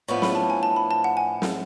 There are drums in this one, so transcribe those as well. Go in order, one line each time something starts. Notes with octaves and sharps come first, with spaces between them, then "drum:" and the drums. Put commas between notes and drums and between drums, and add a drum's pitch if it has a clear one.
A2 F3 B3 D4 C#6
B5, drum: snare
A5
G#5
A5
B5
A5
F#5
G#5
drum: snare